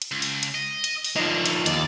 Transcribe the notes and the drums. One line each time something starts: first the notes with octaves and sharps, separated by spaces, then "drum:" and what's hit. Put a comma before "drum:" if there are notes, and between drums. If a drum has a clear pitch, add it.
drum: hi-hat
C#2
drum: open hi-hat
drum: hi-hat
D#5
drum: hi-hat
drum: open hi-hat
D3 F3 D#4
drum: hi-hat
D#2 D5, drum: hi-hat